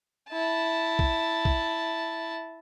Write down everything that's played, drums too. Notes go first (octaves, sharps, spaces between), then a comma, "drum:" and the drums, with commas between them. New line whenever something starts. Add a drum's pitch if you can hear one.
E4 A5
drum: kick B1
drum: kick B1